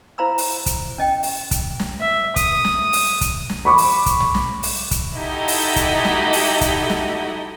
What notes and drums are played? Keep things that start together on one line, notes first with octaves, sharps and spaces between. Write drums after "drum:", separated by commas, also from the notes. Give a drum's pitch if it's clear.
E4 C5 F5 A#5 B5 E6
drum: open hi-hat
drum: kick, hi-hat
C#4 D#5 G5
drum: open hi-hat
drum: kick, hi-hat
drum: snare
E5
D#6, drum: kick, hi-hat
drum: snare
drum: open hi-hat
drum: kick, hi-hat
drum: snare
B5 C#6 D6
drum: open hi-hat
drum: kick, hi-hat
drum: tom
drum: snare
drum: open hi-hat
drum: kick, hi-hat
D#4 E4 F#4 G4 A4 D#5
drum: open hi-hat
drum: kick, hi-hat
drum: snare
drum: open hi-hat
drum: kick, hi-hat
drum: snare